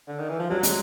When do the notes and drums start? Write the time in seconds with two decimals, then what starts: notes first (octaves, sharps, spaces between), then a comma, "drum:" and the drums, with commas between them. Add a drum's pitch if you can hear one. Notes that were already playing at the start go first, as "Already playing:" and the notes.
0.08 D3
0.19 D#3
0.29 E3
0.40 F3
0.50 F#3 G3
0.63 G#3, drum: hi-hat